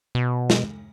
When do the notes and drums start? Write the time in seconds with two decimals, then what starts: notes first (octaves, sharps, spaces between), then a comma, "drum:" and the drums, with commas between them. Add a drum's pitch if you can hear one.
0.15 B2
0.50 drum: snare